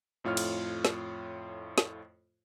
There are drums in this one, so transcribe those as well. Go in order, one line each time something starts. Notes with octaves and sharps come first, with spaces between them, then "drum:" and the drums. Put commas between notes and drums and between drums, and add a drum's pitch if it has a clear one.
F2 A2 F4 C#5 F6
drum: cymbal
drum: snare
drum: snare